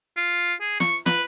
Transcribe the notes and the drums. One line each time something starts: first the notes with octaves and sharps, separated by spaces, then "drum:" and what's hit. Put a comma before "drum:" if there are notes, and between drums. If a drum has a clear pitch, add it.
F4
G#4
C#6, drum: snare
B4, drum: snare